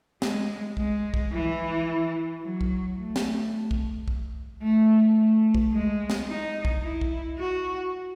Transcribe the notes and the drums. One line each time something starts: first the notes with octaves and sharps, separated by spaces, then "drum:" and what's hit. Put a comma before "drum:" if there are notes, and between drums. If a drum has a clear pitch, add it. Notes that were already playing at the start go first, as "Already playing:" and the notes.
G#3, drum: snare
G#3, drum: kick
drum: kick
E3
F#3
drum: kick
A3
drum: snare
drum: kick
drum: kick
A3
A3
drum: kick
G#3
drum: snare
D#4
drum: kick
E4
drum: kick
F#4